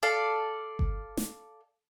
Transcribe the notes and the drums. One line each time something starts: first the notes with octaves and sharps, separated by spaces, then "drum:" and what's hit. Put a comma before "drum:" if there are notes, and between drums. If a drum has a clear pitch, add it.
A4 D5 F5
drum: kick G1
drum: snare